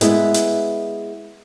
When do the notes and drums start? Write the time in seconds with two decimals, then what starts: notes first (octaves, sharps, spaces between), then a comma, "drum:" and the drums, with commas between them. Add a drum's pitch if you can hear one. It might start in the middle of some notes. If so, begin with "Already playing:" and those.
0.01 G#3 B3 E4, drum: hi-hat
0.34 drum: hi-hat